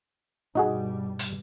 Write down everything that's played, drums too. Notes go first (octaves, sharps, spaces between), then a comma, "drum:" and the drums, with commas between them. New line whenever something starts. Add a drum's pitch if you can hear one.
G2 B2 G3 D#4 F#4 G#4
drum: hi-hat